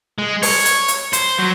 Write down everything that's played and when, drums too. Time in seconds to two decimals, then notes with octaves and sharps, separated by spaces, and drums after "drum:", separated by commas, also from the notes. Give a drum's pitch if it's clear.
0.18 G#3
0.43 C#5, drum: open hi-hat
0.65 drum: hi-hat
0.88 drum: hi-hat
1.13 C5, drum: hi-hat
1.38 F#3